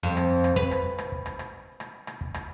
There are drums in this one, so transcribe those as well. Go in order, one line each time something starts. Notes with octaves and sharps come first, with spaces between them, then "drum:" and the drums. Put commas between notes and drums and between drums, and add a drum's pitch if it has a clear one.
F2
drum: rim click
drum: rim click
B4, drum: kick
drum: rim click
drum: rim click
drum: kick
drum: rim click
drum: rim click
drum: rim click
drum: rim click
drum: kick
drum: rim click